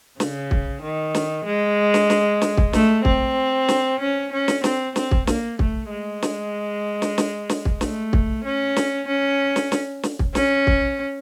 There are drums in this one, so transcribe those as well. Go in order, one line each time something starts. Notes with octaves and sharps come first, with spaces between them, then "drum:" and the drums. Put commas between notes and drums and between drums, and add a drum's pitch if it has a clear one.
C#3, drum: snare
drum: kick
D#3
drum: snare
G#3
drum: snare
drum: snare
drum: snare
drum: kick
A3, drum: snare
C4, drum: kick
drum: snare
C#4
C#4
drum: snare
C4, drum: snare
C4, drum: snare
drum: kick
A#3, drum: snare
A3, drum: kick
G#3
drum: snare
drum: snare
drum: snare
drum: snare
drum: kick
A3, drum: snare
drum: kick
C#4
drum: snare
C#4
drum: snare
drum: snare
drum: snare
drum: kick
C#4, drum: snare
drum: kick